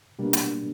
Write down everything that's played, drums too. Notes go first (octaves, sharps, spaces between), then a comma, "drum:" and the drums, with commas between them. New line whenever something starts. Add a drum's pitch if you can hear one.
B2 G3 A#3 D4
drum: hi-hat